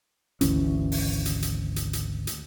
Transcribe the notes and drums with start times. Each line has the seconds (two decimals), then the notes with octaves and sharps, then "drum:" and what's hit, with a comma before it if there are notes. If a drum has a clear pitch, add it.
0.41 G#1 D2 E3 C#4, drum: hi-hat
0.92 drum: open hi-hat
1.26 drum: hi-hat
1.42 drum: hi-hat
1.76 drum: hi-hat
1.93 drum: hi-hat
2.27 drum: hi-hat